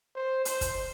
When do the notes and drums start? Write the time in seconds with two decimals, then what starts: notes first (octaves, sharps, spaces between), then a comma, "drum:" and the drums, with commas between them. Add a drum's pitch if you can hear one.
0.16 C5
0.45 C5, drum: hi-hat
0.61 drum: kick, hi-hat